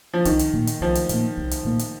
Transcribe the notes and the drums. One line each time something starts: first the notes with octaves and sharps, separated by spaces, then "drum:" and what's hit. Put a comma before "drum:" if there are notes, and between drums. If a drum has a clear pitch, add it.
F3
C2 D#3, drum: hi-hat
drum: hi-hat
A#2 A#3
drum: hi-hat
C2 F3
drum: hi-hat
A#2 A#3, drum: hi-hat
C2
drum: hi-hat
A#2 A#3
drum: hi-hat